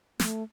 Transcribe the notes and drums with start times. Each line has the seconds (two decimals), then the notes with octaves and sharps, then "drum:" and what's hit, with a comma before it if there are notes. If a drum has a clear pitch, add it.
0.20 A3, drum: snare